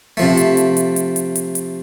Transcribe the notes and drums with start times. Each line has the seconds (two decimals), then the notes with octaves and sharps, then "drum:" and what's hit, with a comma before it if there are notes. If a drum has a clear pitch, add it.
0.17 C3 F3 A3
0.37 drum: hi-hat
0.57 drum: hi-hat
0.77 drum: hi-hat
0.96 drum: hi-hat
1.16 drum: hi-hat
1.35 drum: hi-hat
1.55 drum: hi-hat